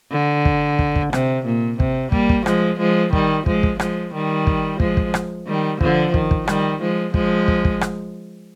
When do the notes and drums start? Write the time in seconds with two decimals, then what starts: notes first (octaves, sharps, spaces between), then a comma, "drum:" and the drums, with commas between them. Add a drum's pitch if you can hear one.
0.11 D3
0.45 drum: kick
0.79 drum: kick
0.95 drum: kick
1.13 C3, drum: rim click
1.45 A#2
1.80 C3, drum: kick
2.12 G3 A#3, drum: kick
2.29 drum: kick
2.46 F3 G#3, drum: rim click
2.79 F3 G#3
3.13 D#3 G3, drum: kick
3.46 F3 G#3, drum: kick
3.63 drum: kick
3.80 F3 G#3, drum: rim click
4.14 D#3 G3
4.47 drum: kick
4.80 F3 G#3, drum: kick
4.97 drum: kick
5.14 drum: rim click
5.47 D#3 G3
5.81 D3 F3, drum: kick
6.14 D#3, drum: kick
6.31 drum: kick
6.48 D#3 G3, drum: rim click
6.81 F3 G#3
7.14 F3 G#3, drum: kick
7.48 drum: kick
7.65 drum: kick
7.81 drum: rim click